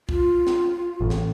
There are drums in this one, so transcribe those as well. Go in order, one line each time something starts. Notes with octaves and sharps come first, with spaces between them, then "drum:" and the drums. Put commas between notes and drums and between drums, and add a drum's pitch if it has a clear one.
F4, drum: kick
drum: snare
A1
drum: snare